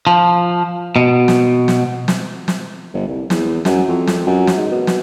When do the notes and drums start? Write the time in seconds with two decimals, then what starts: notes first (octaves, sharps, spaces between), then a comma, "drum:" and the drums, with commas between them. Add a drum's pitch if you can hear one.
0.07 F3
0.96 B2
1.28 drum: snare
1.68 drum: snare
2.08 drum: snare
2.48 drum: snare
2.94 G1
3.08 C2
3.30 E2, drum: snare
3.65 F#2, drum: snare
3.88 F2
4.07 drum: snare
4.27 F#2
4.47 drum: snare
4.57 G#2
4.71 B2
4.87 drum: snare